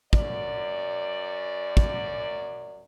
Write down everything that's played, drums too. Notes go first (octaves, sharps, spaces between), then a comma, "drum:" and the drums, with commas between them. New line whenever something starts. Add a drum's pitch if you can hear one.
F#2 D5, drum: kick
drum: kick